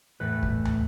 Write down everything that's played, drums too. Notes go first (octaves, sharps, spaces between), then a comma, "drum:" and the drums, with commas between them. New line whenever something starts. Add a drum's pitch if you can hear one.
E2 A2 A3 B4
drum: kick
drum: tom